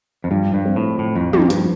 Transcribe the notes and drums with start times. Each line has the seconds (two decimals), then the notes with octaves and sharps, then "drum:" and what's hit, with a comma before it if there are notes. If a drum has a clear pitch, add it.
0.24 F2
0.31 G2 F3
0.54 G2
0.65 C4
0.76 A2
0.98 A2 F3
1.16 F2
1.33 F2 F3, drum: tom
1.50 G2, drum: hi-hat